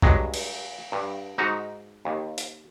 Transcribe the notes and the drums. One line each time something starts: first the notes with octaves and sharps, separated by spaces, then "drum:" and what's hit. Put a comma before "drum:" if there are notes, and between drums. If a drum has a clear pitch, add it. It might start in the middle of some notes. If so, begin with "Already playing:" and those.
G2 F#3 G#3, drum: kick
drum: cymbal
G2
G#2 D#4 F#4
D#2
drum: hi-hat